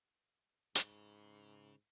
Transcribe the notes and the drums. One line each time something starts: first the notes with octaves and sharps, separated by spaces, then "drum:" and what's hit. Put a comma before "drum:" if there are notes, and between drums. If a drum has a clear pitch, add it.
G#2 C#3, drum: hi-hat